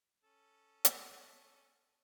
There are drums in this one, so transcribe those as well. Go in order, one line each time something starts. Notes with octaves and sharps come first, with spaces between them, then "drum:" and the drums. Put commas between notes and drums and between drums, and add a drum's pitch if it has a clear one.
C#4 A4
drum: hi-hat